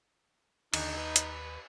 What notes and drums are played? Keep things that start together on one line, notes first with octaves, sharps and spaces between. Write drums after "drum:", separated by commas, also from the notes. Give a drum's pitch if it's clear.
D#2 D3 D#4, drum: cymbal
B4
drum: hi-hat